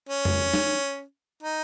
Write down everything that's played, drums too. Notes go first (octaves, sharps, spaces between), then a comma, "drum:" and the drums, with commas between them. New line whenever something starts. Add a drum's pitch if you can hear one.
C#4
drum: tom
drum: snare
D#4